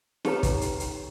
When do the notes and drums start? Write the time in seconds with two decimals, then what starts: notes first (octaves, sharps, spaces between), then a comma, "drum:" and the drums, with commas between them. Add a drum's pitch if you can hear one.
0.25 D#4 G4 A4 B4 C#5 A#5, drum: snare
0.43 drum: kick, hi-hat
0.61 drum: hi-hat
0.80 drum: hi-hat